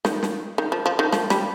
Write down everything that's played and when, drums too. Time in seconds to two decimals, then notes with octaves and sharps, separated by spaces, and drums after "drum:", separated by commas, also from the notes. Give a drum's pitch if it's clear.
0.05 D#3, drum: snare
0.23 drum: snare
0.58 D#3
0.72 F3
0.86 F3
0.99 D#3
1.12 F3, drum: snare
1.30 G3, drum: snare